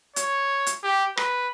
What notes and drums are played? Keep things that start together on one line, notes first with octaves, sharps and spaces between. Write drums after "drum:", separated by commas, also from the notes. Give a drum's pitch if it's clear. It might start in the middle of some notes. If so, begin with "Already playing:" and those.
C#5, drum: hi-hat
drum: hi-hat
G4
B4, drum: rim click